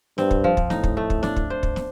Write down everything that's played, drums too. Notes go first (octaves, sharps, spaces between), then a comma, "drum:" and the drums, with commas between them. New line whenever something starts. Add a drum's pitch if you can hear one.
G2 C4, drum: snare
drum: kick
F3
drum: kick
A2 D#4, drum: snare
drum: kick
A3
drum: kick
D4, drum: snare
drum: kick
C5
drum: kick
drum: snare